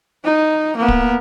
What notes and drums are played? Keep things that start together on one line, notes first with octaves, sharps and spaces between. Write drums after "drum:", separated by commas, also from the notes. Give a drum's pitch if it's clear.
D#4
A#3 B3
drum: kick D1